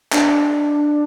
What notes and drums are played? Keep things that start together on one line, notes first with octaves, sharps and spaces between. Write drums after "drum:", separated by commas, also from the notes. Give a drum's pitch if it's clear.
D4, drum: clap